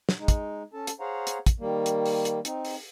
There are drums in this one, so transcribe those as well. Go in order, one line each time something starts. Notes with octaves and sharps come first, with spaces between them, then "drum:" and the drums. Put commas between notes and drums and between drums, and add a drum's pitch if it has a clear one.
drum: snare
G#3 D#4
drum: kick, hi-hat
C#4 A4 A5
drum: hi-hat
G#4 C5 C#5 F5 F#5 A#5
drum: hi-hat
drum: kick, hi-hat
D#3 G3 A#3
drum: hi-hat
drum: open hi-hat
drum: hi-hat
C4 D#4, drum: hi-hat
drum: open hi-hat